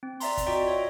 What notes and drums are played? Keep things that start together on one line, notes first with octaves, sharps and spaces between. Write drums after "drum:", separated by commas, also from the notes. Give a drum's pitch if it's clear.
C4
D5 E5 A#5 C6, drum: open hi-hat
drum: kick, hi-hat
F4 F#4 D5 D#5 G5 A#5
C#5 E5